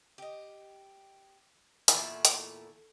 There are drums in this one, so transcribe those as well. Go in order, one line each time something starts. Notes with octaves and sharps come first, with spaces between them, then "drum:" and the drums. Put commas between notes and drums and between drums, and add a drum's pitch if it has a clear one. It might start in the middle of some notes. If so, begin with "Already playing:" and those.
G4 D#5
E2 A#2 A3 E4, drum: hi-hat
drum: hi-hat